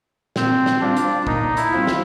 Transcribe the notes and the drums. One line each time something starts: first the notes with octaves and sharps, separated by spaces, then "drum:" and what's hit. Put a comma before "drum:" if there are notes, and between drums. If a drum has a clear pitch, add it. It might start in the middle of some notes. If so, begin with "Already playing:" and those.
A#2 C4, drum: snare
drum: snare
G3 C4 D4 F4
drum: hi-hat
A#2 D#4, drum: kick
E4, drum: hi-hat
G3 C4 F4
drum: snare